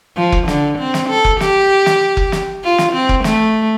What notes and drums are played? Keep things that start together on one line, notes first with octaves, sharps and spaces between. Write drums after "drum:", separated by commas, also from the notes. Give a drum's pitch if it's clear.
F3
drum: kick F1
D3, drum: snare
C4
drum: snare
A4
drum: kick F1
G4, drum: snare
drum: snare
drum: kick F1
drum: snare
F4
drum: snare
C4
drum: kick F1
A3, drum: snare